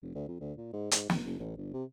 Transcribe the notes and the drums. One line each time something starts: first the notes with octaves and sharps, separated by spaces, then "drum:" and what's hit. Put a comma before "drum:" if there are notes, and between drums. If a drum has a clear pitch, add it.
F1
D2
F2
D2
A#2
G#2
G#2, drum: hi-hat
F1, drum: snare
F#1
A1
G1
C3